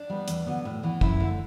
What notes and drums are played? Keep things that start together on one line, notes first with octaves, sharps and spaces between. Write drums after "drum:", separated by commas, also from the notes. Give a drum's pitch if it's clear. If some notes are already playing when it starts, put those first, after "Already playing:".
Already playing: D4
G3 B3
E2, drum: hi-hat
D3 F#3 B3
A2
E3 B3
F#2 E4, drum: kick
D3 A3